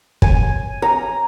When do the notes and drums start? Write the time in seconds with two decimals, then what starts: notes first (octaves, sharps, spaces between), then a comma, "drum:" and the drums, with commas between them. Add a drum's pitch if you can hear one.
0.22 G#5, drum: kick
0.82 A#5